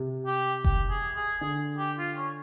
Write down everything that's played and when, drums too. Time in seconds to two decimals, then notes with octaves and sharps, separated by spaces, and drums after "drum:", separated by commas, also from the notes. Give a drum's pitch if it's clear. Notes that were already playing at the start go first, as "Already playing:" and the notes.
Already playing: C3
0.27 G4
0.64 G4, drum: kick F1
0.90 G#4
1.15 G#4
1.40 D3 G#4
1.78 G4
1.98 F4
2.17 C#4